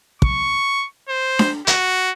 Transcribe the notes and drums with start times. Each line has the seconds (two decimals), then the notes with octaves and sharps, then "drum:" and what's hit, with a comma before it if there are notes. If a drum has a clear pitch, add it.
0.22 C#6, drum: kick
1.09 C5
1.39 drum: snare D4
1.67 F#4, drum: hi-hat